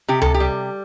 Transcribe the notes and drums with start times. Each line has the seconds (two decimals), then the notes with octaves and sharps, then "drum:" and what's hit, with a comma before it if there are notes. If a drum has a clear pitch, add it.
0.08 C3 G4
0.22 A4, drum: tom C#2
0.34 G4
0.40 G3